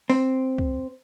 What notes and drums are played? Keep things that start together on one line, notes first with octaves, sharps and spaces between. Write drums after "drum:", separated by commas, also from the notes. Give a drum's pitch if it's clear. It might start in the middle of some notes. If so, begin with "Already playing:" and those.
C4, drum: open hi-hat
drum: kick C#2